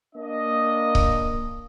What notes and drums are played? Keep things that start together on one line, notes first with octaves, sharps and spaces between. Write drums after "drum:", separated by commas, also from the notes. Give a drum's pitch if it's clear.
A#3 D4 D#5
drum: kick C#1